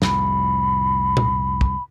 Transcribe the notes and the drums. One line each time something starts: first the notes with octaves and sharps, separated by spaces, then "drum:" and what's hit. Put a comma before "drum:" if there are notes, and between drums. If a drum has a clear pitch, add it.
C2 F2 A2 B5, drum: snare
drum: tom
drum: kick